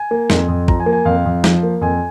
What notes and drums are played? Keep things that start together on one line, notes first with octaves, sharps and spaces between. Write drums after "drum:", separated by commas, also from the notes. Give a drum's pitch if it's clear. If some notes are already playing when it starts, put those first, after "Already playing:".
Already playing: G#5
A#3
F2, drum: snare
F2
F3 A#5, drum: kick
G#5
A#3
G#5
F2 F5
F2
F3, drum: snare
A#3
F2 G#5